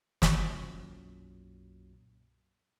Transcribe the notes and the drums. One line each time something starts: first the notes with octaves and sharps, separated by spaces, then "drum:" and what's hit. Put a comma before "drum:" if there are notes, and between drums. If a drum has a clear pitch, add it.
B1 F#2 A#2 F#3, drum: snare